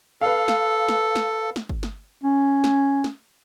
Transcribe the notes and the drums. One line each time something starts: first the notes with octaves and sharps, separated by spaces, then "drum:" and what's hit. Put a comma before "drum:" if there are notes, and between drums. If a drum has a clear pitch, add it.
A4 B4 F5
drum: snare
drum: snare
drum: snare
drum: snare
drum: kick
drum: snare
C#4
drum: snare
drum: snare